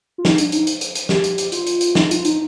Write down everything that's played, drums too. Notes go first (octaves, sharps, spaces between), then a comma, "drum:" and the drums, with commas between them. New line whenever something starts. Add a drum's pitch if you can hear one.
F4
D#4, drum: snare
D4, drum: hi-hat
D#4, drum: hi-hat
drum: hi-hat
drum: hi-hat
drum: hi-hat
G4, drum: snare
drum: hi-hat
drum: hi-hat
F4, drum: hi-hat
drum: hi-hat
drum: hi-hat
D#4, drum: snare
F4, drum: hi-hat
D#4, drum: hi-hat